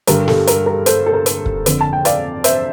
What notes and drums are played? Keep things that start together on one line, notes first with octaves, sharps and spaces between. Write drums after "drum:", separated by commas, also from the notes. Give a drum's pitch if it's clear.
G2 D3 A#4, drum: hi-hat
A4, drum: snare
A#4, drum: hi-hat
A#4
A4 C5, drum: hi-hat
A4
A#4
drum: hi-hat
drum: kick
F2 D3, drum: hi-hat
A5
G5
D5 F5, drum: hi-hat
C5 E5, drum: hi-hat